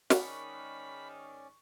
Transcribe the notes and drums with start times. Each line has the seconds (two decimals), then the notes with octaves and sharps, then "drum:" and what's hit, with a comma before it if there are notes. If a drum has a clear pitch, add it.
0.10 G#2 D#3 C#4 D5 B5 C#6 F#6, drum: snare